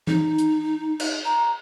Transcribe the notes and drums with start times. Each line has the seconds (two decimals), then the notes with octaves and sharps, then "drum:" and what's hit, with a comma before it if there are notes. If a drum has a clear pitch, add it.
0.07 D#4, drum: tom E3
0.38 drum: hi-hat
1.00 drum: cymbal
1.25 A#5